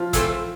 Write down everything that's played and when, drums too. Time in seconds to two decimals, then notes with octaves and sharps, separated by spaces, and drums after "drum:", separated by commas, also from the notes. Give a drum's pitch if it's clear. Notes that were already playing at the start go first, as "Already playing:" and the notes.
Already playing: F3 F4
0.13 E3 A3 C4, drum: kick, hi-hat